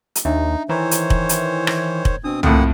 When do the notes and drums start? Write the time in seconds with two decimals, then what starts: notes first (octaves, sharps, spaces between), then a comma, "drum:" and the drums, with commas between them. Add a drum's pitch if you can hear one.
0.15 drum: hi-hat
0.25 D#2 D4 D#4 E5
0.69 D#3 E3 C5 C#5 A#5
0.91 drum: hi-hat
1.10 drum: kick
1.29 drum: hi-hat
1.67 drum: rim click
1.78 G#6
2.05 drum: kick
2.24 B2 C4 D4 D#6
2.43 F2 A2 A#3 F#5 G5 B5, drum: tom C2